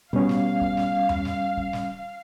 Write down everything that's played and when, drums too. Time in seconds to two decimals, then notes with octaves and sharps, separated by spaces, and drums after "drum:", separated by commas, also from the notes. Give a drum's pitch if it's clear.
0.13 B2 G3 C#4 F5
0.29 drum: snare
0.61 drum: kick
0.77 drum: snare
1.09 drum: tom F2
1.25 drum: snare
1.57 drum: kick
1.73 drum: snare